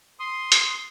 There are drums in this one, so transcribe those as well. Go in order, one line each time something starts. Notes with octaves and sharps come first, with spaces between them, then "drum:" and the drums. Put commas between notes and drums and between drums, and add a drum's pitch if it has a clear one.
C6 D#6
drum: hi-hat